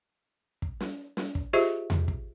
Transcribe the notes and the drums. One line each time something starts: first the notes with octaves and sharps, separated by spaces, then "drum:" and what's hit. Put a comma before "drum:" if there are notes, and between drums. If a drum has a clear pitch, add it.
drum: kick
drum: snare
drum: snare
drum: kick
F4 G4 G#4 C5 D#5 E5
drum: tom E2
drum: kick